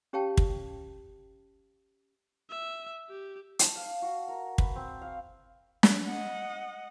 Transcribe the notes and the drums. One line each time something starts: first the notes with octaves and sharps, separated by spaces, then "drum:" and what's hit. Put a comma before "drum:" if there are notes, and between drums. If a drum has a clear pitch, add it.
C#4 G4 C#5 F5 G5 A5
drum: kick
E5
G4
A5, drum: hi-hat
F5
F#4
A#4
B4, drum: kick
C4
F5
drum: snare
D#5 F#5